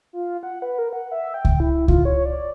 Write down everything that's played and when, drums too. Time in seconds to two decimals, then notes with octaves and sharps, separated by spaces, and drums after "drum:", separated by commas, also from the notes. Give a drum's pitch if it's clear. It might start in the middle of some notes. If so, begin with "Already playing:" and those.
0.13 F4
0.43 F#5
0.62 B4
0.78 A#4
0.93 F#5
1.11 E5
1.34 G5
1.45 drum: kick C#2
1.60 E4
1.88 F4, drum: kick C#2
2.05 C#5
2.26 D5